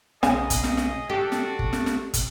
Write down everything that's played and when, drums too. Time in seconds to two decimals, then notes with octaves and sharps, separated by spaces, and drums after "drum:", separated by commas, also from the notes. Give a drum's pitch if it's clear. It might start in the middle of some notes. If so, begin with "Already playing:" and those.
0.23 B1 C#3 G#4 D#5 G#5, drum: snare
0.50 drum: kick, hi-hat
0.64 drum: snare
0.77 drum: snare
1.10 D4 F#4 G4 A4
1.32 drum: snare
1.59 drum: kick
1.73 drum: snare
1.86 drum: snare
2.14 drum: kick, hi-hat